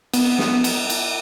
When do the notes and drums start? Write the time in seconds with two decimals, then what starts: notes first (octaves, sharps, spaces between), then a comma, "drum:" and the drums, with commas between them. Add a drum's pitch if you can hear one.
0.13 B3, drum: cymbal
0.39 drum: snare
0.64 drum: cymbal
0.90 drum: cymbal